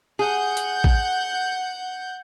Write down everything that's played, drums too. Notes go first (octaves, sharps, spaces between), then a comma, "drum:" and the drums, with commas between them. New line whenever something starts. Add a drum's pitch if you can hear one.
G#4 F#5 G6
drum: hi-hat
drum: kick